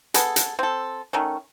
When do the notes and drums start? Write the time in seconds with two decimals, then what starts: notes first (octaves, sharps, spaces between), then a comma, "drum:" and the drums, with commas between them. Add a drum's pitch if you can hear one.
0.14 B3 G#4 A4, drum: hi-hat
0.36 drum: hi-hat
0.59 C4 A4
1.13 D#3 A3 C#4